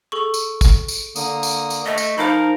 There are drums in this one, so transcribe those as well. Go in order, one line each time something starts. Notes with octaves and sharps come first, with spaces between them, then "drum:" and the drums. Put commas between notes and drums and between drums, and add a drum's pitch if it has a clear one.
G#4 A4 C#6
drum: tambourine
drum: kick, tambourine
drum: tambourine
D3 A#3 D#6, drum: tambourine
drum: tambourine
drum: tambourine
A3 D#5
drum: tambourine
F3 D#4 A#4 C5 F5 B5